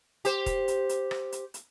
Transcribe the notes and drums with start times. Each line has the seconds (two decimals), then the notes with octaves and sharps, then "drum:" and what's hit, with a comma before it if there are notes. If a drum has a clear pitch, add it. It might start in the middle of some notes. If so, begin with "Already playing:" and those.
0.25 G4 C5, drum: hi-hat
0.46 drum: kick, hi-hat
0.68 drum: hi-hat
0.89 drum: hi-hat
1.11 drum: rim click
1.32 drum: hi-hat
1.54 drum: hi-hat